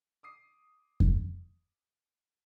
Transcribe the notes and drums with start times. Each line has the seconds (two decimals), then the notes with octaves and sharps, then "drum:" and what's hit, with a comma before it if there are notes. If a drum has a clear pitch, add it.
0.23 D6 D#6 C7
1.00 drum: kick F2